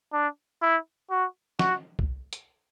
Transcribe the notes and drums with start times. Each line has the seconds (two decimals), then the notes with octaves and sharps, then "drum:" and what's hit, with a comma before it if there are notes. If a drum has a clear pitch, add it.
0.13 D4
0.62 E4
1.10 F#4
1.59 F#4, drum: snare
1.99 drum: kick C2
2.33 drum: hi-hat